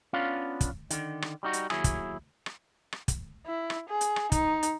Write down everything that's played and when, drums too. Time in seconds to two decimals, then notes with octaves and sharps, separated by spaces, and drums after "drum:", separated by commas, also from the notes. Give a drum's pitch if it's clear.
0.13 B3 C#4 D4 F4 F5
0.61 drum: kick, hi-hat
0.90 D3 D#3, drum: hi-hat
1.22 drum: rim click
1.43 G3 D#4 F#4
1.53 drum: hi-hat
1.70 D#2 F#3 E4 G#4, drum: rim click
1.84 drum: kick, hi-hat
2.46 drum: rim click
2.93 drum: rim click
3.08 drum: kick, hi-hat
3.46 E4
3.70 drum: rim click
3.89 G#4
4.01 drum: hi-hat
4.16 drum: rim click
4.32 D#4, drum: kick, hi-hat
4.63 drum: hi-hat